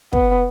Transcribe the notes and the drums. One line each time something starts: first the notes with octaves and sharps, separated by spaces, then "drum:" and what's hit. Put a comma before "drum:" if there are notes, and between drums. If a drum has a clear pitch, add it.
B3, drum: kick